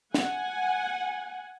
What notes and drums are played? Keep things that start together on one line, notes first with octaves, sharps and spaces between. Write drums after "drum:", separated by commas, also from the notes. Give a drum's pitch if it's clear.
F#5 G#5, drum: snare